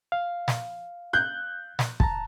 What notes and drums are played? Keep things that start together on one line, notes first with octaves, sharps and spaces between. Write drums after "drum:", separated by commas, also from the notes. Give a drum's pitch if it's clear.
F5
drum: snare
F#6 G6
drum: snare
A5 A#5, drum: kick